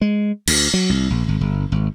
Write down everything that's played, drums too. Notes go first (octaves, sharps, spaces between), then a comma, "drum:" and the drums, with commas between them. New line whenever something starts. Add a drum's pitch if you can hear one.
G#3
D2, drum: cymbal
F#3
C2
A#1
G#1
G1
G#1